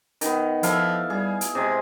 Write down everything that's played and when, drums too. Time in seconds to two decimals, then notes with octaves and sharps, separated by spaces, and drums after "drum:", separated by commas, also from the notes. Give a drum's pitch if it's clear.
0.21 D#3 B3, drum: hi-hat
0.63 F3 E4 A4 F5, drum: hi-hat
1.10 G3 G#4
1.41 drum: hi-hat
1.55 C3 G#3 G#4